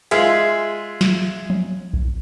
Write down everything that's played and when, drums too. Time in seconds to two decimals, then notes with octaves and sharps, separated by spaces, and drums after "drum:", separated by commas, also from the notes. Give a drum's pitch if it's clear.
0.11 G#3 F4 G#4 E5, drum: hi-hat
1.01 drum: snare
1.50 drum: tom F3
1.94 drum: kick A#1